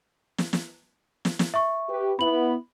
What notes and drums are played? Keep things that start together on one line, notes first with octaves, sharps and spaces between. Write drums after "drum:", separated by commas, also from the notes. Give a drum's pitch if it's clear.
drum: snare
drum: snare
drum: snare
drum: snare
E5 C#6
G4 B4
B3 E4 B5 F#7